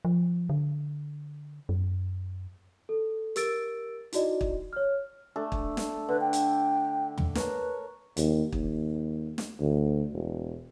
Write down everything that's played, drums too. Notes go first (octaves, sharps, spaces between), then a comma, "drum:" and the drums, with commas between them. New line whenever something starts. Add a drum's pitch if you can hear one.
F3
D3
F#2
A4
G4 A#4 E6 A6 D7, drum: hi-hat
D#4 E4 F#4 D5 D#5, drum: hi-hat
drum: kick
C#5 F6
A3 D4 A4
drum: kick
drum: snare
D3 B4
G5
drum: hi-hat
drum: tom
A#4 B4 C#5 A5, drum: snare
D#2, drum: hi-hat
D#2, drum: kick
drum: snare
D2
E1